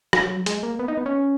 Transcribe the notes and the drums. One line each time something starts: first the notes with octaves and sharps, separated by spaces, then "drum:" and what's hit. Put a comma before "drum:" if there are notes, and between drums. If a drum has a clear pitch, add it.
F#3, drum: rim click
G#3, drum: hi-hat
A#3
B3
D#4
B3
C#4